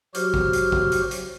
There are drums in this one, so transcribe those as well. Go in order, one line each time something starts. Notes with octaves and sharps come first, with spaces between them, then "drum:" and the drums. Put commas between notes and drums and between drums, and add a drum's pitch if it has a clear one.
F#3 F#4 G4 C5 F6, drum: hi-hat
drum: kick
drum: hi-hat
drum: kick
drum: hi-hat
drum: hi-hat